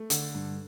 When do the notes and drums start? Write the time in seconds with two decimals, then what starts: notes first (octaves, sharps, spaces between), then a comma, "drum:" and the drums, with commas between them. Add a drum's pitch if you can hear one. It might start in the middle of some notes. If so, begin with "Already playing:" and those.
Already playing: A3
0.10 D3, drum: hi-hat
0.35 G2